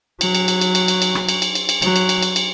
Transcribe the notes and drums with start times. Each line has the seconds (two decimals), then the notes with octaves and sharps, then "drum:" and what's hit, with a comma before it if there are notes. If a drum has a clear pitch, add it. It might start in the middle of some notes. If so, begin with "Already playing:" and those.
0.21 F#3, drum: cymbal
0.35 drum: cymbal
0.48 drum: cymbal
0.61 drum: cymbal
0.75 drum: cymbal
0.88 drum: cymbal
1.02 drum: cymbal
1.15 drum: rim click
1.29 drum: cymbal
1.42 drum: cymbal
1.55 drum: cymbal
1.69 drum: cymbal
1.82 F#3, drum: cymbal
1.96 drum: cymbal
2.09 drum: cymbal
2.23 drum: cymbal
2.36 drum: cymbal